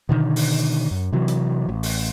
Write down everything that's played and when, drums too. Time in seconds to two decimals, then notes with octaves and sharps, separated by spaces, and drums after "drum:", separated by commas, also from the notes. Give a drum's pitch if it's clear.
0.09 B2 D3 D#3
0.36 drum: open hi-hat
0.91 F#2
1.13 C3 E3 F#3
1.28 drum: hi-hat
1.69 A1
1.83 drum: open hi-hat